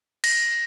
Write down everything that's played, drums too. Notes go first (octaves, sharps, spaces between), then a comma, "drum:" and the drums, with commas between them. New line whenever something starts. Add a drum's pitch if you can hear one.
A#6, drum: cymbal